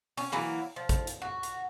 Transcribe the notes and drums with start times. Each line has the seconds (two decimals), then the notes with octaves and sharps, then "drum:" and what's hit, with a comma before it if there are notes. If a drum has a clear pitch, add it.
0.17 C#4, drum: open hi-hat
0.32 E3 F#3 A#3
0.76 F3
0.89 drum: kick, hi-hat
1.07 drum: hi-hat
1.22 F#4
1.43 drum: hi-hat